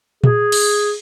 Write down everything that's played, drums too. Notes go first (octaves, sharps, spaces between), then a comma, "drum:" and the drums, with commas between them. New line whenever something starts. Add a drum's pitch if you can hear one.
G#4, drum: tom A#2
drum: cymbal